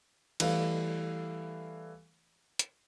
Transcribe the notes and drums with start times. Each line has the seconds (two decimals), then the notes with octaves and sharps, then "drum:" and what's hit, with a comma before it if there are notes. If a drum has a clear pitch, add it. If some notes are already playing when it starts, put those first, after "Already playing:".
0.40 E3 G3 A3 F5, drum: cymbal
2.59 drum: hi-hat